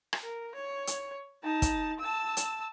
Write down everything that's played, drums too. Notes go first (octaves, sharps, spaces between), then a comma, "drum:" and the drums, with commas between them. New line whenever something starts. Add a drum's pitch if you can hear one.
drum: rim click
A#4
C#5
drum: hi-hat
D#4 A5
drum: kick, hi-hat
A5 E6
drum: hi-hat